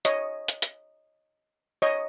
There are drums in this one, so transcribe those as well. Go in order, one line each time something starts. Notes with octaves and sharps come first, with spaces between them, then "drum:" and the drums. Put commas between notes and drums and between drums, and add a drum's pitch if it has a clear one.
C#5 D#5, drum: hi-hat
drum: hi-hat
drum: hi-hat
C#5 D#5